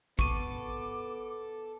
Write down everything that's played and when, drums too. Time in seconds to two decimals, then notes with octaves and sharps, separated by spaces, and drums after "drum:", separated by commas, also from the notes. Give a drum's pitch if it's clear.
0.19 B3 A4 C#6 D6 D#7, drum: kick G#1